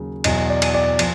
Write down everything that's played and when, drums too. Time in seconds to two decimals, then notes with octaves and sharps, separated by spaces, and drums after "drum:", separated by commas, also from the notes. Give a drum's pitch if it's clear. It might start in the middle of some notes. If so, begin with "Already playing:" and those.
Already playing: D#2 C#3 F#3
0.24 E2 B2 F#3 D#5, drum: cymbal
0.50 D5
0.62 drum: cymbal
0.74 D5
0.99 F3, drum: cymbal